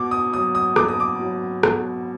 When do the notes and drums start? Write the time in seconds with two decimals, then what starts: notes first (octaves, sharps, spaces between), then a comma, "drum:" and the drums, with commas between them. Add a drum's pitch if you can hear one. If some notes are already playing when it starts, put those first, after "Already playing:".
Already playing: B2 D6
0.11 D#6
0.33 F#3 D#6
0.55 D#6
0.76 B2 D6, drum: rim click
0.88 D#6
1.00 D6
1.20 F#3
1.63 B2, drum: rim click